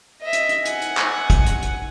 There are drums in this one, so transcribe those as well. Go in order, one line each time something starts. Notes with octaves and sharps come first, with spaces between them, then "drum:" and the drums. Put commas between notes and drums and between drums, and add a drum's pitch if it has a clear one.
D#5 E5
drum: hi-hat
drum: hi-hat
F#5 G#5, drum: hi-hat
drum: hi-hat
drum: clap
drum: kick, hi-hat
drum: hi-hat
drum: hi-hat